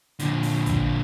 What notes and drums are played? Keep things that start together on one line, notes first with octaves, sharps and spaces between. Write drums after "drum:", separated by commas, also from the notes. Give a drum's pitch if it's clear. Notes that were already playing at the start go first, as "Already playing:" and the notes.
A#2 D3, drum: hi-hat
drum: open hi-hat
drum: kick, hi-hat